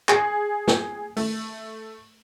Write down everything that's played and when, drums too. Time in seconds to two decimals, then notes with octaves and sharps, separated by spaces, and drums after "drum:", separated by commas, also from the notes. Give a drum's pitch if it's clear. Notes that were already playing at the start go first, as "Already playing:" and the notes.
0.09 G#4, drum: clap
0.68 drum: snare
1.17 A3, drum: open hi-hat